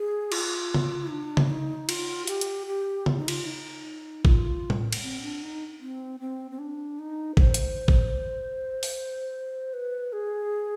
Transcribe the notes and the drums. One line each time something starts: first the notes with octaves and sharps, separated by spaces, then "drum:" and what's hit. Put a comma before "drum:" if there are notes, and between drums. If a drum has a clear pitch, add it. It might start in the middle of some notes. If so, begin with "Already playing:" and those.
Already playing: G#4
F4, drum: cymbal
drum: tom C#3
D4
drum: tom C#3
D#4
F4, drum: cymbal
G4, drum: hi-hat
drum: hi-hat
G4
F4, drum: tom C#3
D#4
F4, drum: cymbal
D#4
F4, drum: kick A1
drum: tom
drum: cymbal
C4
D4
D#4
C4
C4
C4
D4
D#4
C5, drum: kick A1
drum: hi-hat
drum: kick A1
drum: open hi-hat
B4
G#4